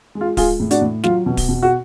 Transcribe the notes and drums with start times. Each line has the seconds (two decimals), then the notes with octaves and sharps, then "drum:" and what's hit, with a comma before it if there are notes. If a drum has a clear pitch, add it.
0.15 G#3
0.21 F4
0.37 G#3 F4 G#4, drum: kick D1, open hi-hat
0.60 A2
0.71 D4 F#4, drum: hi-hat
0.82 A2
1.04 F#3 F4, drum: snare
1.26 B2
1.37 drum: kick D1, open hi-hat
1.49 B2
1.62 F#4